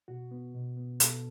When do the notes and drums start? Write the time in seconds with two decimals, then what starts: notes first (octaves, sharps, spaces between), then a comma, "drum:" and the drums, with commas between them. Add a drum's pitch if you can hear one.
0.08 B2 F#4
0.31 B3
0.55 B2
0.77 B3
1.00 B2 A4, drum: hi-hat